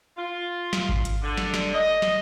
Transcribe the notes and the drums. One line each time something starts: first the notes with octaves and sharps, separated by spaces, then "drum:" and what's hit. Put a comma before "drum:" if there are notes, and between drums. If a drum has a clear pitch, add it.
F4
drum: snare
drum: kick G#1
drum: hi-hat
D3
drum: snare
drum: snare
D#5
drum: snare